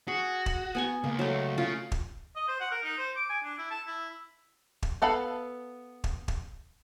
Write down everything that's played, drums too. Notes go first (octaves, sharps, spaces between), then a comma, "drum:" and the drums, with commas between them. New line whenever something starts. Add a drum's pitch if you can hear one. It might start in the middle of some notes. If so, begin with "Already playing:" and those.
F#4 G#4
drum: kick
B3 G#5 C#6
C#2 A#3
F#3 A3
C#3 F4
drum: kick
D#5
C5
F#5
A#4
D#4
C5
D6
G#5
D4
E4
A5
E4
drum: kick
B3 A4 F5 A5 B5
drum: kick
drum: kick